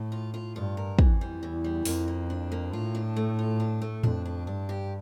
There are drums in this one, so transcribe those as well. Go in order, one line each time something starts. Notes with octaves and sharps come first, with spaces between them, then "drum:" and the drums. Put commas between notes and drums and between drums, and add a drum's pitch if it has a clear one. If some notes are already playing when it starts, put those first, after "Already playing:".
Already playing: A2
F4
F4
G2 F4
A#4
F2 E3, drum: kick
G3
E2 E3
G3
F2 A#3, drum: open hi-hat
A#3
D4
A#3
A2 F4
D4
A3
F4
D4
A3
F2 D4, drum: tom A2
D4
G2 D4
G4